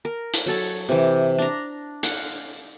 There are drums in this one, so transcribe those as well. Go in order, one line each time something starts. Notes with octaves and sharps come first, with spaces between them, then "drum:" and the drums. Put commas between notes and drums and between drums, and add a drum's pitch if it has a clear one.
A#4
drum: hi-hat
F#3 A4 C#5
C3 E3
D4 A#5
F5 F#5, drum: hi-hat